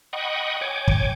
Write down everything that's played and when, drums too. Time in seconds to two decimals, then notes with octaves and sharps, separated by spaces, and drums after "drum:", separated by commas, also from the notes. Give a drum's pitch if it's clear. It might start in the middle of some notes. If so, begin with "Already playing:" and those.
0.13 D#5 F#5 G5 B5 C#6 D#6
0.61 C#5 G5 G#5 D6
0.88 drum: kick